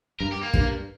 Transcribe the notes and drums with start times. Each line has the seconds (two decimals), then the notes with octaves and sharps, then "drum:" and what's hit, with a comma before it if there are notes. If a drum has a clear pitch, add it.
0.20 G2 A#4
0.32 G4
0.43 A#3
0.54 G2, drum: kick